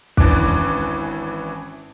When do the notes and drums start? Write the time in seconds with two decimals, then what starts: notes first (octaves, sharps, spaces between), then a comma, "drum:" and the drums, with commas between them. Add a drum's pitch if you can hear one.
0.17 G#1 E3 C#4 D4 D6 F#6, drum: kick